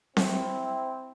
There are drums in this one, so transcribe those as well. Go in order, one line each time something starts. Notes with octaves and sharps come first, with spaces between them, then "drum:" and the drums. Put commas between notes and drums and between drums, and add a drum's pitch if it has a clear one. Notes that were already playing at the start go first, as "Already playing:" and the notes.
C4 E4, drum: snare C4